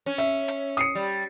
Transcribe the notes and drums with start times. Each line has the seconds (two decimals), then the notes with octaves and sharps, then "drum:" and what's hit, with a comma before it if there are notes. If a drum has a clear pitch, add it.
0.06 C#4
0.18 E5, drum: hi-hat
0.48 drum: hi-hat
0.77 D#6 C7 C#7, drum: hi-hat
0.95 G3